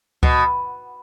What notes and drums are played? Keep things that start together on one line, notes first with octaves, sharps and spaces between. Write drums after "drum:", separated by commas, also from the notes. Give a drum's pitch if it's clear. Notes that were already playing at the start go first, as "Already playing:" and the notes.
B2, drum: kick C#2